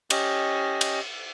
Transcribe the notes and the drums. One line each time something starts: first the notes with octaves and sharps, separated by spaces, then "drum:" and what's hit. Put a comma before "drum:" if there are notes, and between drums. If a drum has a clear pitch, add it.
C#4 G4 D#5, drum: cymbal
drum: cymbal